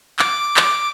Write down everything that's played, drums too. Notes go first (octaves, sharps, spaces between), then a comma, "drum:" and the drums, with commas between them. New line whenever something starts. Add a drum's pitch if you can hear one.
D6, drum: clap
drum: clap